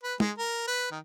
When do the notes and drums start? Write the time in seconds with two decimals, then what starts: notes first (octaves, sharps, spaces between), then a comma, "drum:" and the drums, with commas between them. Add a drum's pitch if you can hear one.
0.04 B4
0.20 G#3, drum: tom
0.38 A#4
0.67 B4
0.91 D#3